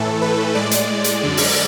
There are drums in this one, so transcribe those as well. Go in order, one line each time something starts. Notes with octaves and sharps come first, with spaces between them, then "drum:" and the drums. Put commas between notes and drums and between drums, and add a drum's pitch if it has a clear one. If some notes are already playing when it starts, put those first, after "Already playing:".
Already playing: A2 E3 A3 A4
B4
A2 G#3 D5
drum: hi-hat
drum: hi-hat
F#2 D3 G#3
drum: open hi-hat